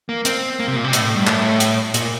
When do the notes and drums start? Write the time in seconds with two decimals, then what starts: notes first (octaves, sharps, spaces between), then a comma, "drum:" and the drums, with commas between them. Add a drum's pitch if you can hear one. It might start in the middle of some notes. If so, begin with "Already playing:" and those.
0.09 A#3
0.25 C4, drum: hi-hat
0.60 A#3
0.68 C3
0.76 A#2
0.84 C3
0.93 A2, drum: hi-hat
1.04 A2
1.16 G2
1.27 A2, drum: clap
1.60 drum: hi-hat
1.94 A#2, drum: hi-hat